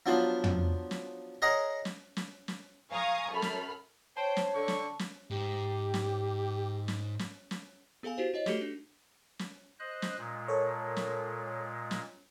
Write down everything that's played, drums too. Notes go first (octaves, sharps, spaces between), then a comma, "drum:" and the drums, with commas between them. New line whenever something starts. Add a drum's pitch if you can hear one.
F3 F#3 B3 D4 F4 C5
drum: tom
drum: snare
G#4 A#4 C#5 D#5 F#5 A#5
drum: snare
drum: snare
drum: snare
F5 G#5 A#5 C#6 D#6
F#2 A4 B5 F6
drum: snare
C5 C#5 G5 A5
drum: snare
D3 C#6
drum: snare
drum: snare
G#2 G4
drum: snare
drum: snare
drum: snare
drum: snare
B3 G#4 A4 F5 G#5
E4 F#4 G4 C5
E4 C#5 D#5
A3 F#4 G4 A4 C#7 G7, drum: snare
D4
drum: snare
C5 D#5 F#6
drum: snare
A#2 G#3
A4 A#4 C#5
drum: snare
drum: snare